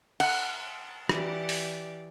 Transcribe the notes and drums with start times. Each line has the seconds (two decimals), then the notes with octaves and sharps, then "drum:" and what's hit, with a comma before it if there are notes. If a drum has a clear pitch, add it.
0.20 F#5, drum: cymbal
1.09 E3 G4 D5, drum: rim click
1.49 drum: open hi-hat